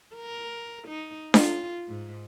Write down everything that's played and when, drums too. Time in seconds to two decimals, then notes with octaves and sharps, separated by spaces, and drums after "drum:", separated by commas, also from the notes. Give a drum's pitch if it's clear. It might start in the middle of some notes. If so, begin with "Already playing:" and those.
0.15 A#4
0.88 D#4
1.34 F4, drum: snare D4
1.88 G#2